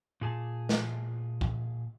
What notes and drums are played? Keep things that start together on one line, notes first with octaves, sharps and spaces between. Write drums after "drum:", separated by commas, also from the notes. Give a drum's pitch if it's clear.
A#2 G#4 A5
drum: snare
drum: kick